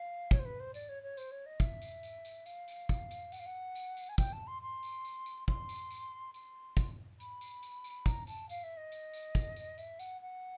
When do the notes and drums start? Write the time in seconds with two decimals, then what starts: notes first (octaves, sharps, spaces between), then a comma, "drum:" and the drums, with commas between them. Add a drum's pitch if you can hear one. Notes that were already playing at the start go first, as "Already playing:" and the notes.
Already playing: F5
0.31 C#5, drum: kick, tambourine
0.39 C5
0.45 B4
0.60 C5
0.74 D5, drum: tambourine
0.89 C#5
1.03 C#5
1.17 C5, drum: tambourine
1.31 C#5
1.46 D#5
1.60 E5, drum: kick, tambourine
1.82 drum: tambourine
2.03 drum: tambourine
2.25 drum: tambourine
2.46 F5, drum: tambourine
2.68 drum: tambourine
2.89 drum: kick, tambourine
3.11 drum: tambourine
3.32 F#5, drum: tambourine
3.39 F5
3.46 F#5
3.75 drum: tambourine
3.97 drum: tambourine
4.09 G#5
4.18 G5, drum: kick, tambourine
4.33 A5
4.47 C6
4.62 C6
4.83 drum: tambourine
5.05 drum: tambourine
5.26 drum: tambourine
5.48 C6, drum: kick
5.69 drum: tambourine
5.91 drum: tambourine
6.34 C6, drum: tambourine
6.77 drum: kick, tambourine
7.20 B5, drum: tambourine
7.41 drum: tambourine
7.63 drum: tambourine
7.84 drum: tambourine
8.06 A#5, drum: kick, tambourine
8.27 A5, drum: tambourine
8.49 F5, drum: tambourine
8.63 E5
8.77 D#5
8.92 drum: tambourine
9.13 drum: tambourine
9.35 drum: kick, tambourine
9.56 drum: tambourine
9.78 E5, drum: tambourine
9.99 F#5, drum: tambourine
10.21 F#5